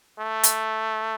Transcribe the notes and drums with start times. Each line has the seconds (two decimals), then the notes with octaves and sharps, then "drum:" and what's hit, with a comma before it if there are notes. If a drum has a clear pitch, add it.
0.19 A3
0.43 drum: hi-hat